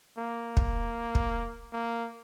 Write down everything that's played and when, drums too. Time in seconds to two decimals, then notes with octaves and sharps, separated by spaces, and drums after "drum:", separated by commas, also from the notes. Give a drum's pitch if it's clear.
0.18 A#3
0.57 drum: kick
1.15 drum: kick
1.73 A#3